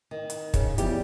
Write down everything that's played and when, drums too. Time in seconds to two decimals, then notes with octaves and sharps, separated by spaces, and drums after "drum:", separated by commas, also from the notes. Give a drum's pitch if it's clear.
0.11 D#3
0.30 drum: hi-hat
0.54 C#3, drum: kick, hi-hat
0.78 F3 G3 B3 E4 G4, drum: hi-hat